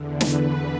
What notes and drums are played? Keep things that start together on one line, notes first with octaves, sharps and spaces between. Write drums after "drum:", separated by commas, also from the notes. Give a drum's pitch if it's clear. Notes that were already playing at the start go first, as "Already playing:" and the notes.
Already playing: E2 D3
B4, drum: snare